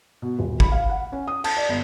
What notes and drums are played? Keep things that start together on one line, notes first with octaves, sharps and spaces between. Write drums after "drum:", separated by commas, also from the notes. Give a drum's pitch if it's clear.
B2
D#1
B5, drum: kick
F5
F#5
C#4
D#6
A5, drum: cymbal
D5
G1